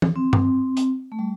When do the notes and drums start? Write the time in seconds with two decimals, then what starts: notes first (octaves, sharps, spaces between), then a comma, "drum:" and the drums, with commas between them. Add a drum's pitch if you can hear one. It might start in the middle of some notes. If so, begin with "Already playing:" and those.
0.02 drum: tom
0.16 C4
0.33 drum: tom G2
0.77 drum: hi-hat
1.12 A3
1.19 G3